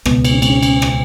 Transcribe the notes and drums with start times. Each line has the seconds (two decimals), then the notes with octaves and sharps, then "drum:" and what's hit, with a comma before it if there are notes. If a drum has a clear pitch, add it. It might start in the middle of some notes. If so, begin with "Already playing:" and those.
0.05 C#2 B2 B3, drum: rim click
0.25 drum: cymbal
0.34 C#4
0.42 B3, drum: cymbal
0.50 C#4
0.63 C#4, drum: cymbal
0.82 drum: rim click